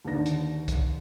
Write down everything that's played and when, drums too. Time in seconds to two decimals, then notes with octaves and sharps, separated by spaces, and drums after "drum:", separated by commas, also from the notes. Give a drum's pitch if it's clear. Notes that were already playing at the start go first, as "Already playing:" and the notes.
0.05 D#2 D3 B4 A#6
0.26 drum: hi-hat
0.68 drum: kick, hi-hat